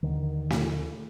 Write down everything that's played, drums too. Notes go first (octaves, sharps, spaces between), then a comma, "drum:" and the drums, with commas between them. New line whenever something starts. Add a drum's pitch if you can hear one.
D#2 D3 D#3
drum: snare